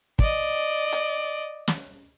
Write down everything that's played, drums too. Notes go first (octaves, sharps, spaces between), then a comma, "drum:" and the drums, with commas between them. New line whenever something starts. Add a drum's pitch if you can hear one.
D5 D#5, drum: kick
drum: hi-hat
drum: snare